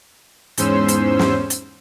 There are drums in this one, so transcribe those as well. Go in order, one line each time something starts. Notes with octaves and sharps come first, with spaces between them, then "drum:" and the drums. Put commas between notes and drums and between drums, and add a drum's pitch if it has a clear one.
E2 G#2 C#4 C5 C6 E6, drum: hi-hat
drum: hi-hat
drum: snare
drum: hi-hat